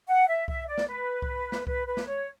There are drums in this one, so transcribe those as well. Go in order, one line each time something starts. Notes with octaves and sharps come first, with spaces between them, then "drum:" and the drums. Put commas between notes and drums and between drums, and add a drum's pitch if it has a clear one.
F#5
E5
E5, drum: kick C2
D5
drum: snare
B4
drum: kick C2
drum: snare
B4, drum: kick C2
B4
drum: snare
C#5